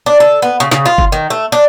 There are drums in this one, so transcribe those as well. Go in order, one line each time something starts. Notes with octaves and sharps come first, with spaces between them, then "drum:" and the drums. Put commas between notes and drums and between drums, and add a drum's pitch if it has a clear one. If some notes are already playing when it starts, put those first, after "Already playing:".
D4
A4
B3
C#3
C#3, drum: snare
F4
drum: kick G1
D#3
A3
D4